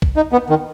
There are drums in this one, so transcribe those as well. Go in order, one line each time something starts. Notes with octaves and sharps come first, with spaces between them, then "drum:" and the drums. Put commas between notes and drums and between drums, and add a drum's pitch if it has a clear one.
drum: kick
D#4
B3
D#3